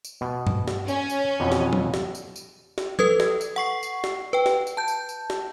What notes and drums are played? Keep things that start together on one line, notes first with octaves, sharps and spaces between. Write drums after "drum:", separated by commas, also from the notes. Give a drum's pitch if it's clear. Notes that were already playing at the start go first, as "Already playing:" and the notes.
drum: tambourine
B2
drum: tom G2
drum: snare
C#4 C#5, drum: tambourine
drum: tambourine
F2 B2 E3
drum: snare
drum: tom F3
drum: snare
drum: tambourine
drum: tambourine
drum: snare
A4 B4 D#6 G#6, drum: tom F3
drum: snare
drum: tambourine
F#5 C#6 C7
drum: tambourine
drum: snare
B4 G5
drum: snare
drum: tambourine
A5 G6
drum: tambourine
drum: tambourine
drum: snare